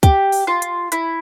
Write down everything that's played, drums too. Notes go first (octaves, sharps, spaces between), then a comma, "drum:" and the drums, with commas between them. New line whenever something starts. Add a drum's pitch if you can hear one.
G4, drum: kick, hi-hat
drum: open hi-hat
F4
drum: hi-hat
E4, drum: hi-hat